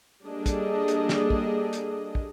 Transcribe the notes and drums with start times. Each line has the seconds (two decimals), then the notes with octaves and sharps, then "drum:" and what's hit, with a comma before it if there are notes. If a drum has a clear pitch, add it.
0.25 G3 A#3 D4 G#4 A4 D#5
0.46 drum: kick, hi-hat
0.88 drum: hi-hat
1.09 drum: snare
1.30 drum: kick
1.73 drum: hi-hat
2.15 drum: kick